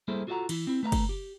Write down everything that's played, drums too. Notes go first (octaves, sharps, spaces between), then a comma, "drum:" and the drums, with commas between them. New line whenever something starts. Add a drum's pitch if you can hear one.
G3 A#3 E4 G#4 A4 C5
F4 F#4 A4 C#5 F#5 A#5
E3 E4, drum: cymbal
C4 E4
A3 B4 E5 A#5
drum: kick, cymbal
G4